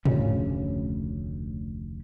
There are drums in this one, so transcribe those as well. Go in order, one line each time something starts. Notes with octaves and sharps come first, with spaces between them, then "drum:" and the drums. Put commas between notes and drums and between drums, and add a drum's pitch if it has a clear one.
F1 D2 C#3 C#4, drum: tom G#2